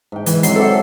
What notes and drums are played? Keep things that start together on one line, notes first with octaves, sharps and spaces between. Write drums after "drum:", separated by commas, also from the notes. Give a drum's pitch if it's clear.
G#2 G5
E3, drum: hi-hat
F#3 G#3 C4 C7, drum: hi-hat
A4 D5 E5 F#5